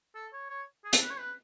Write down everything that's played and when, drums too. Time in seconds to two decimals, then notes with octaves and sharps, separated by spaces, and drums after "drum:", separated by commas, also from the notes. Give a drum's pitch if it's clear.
0.15 A4
0.33 C#5
0.50 C#5
0.84 G#4
0.93 A4, drum: hi-hat
1.02 B4
1.10 C#5
1.19 B4